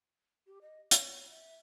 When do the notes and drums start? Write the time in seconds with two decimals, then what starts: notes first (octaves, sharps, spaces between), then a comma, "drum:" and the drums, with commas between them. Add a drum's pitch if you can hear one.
0.47 G4
0.61 D#5
0.91 C#5, drum: hi-hat
1.30 E5